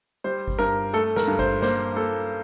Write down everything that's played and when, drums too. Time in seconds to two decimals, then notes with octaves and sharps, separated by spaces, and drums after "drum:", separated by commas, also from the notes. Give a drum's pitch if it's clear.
0.24 G3 C5
0.48 drum: kick G1
0.59 G2 A#4
0.93 A3 A4
1.16 A#4, drum: snare
1.27 G2
1.39 C5, drum: kick G1
1.62 A#3 C5, drum: snare
1.96 A#3 A4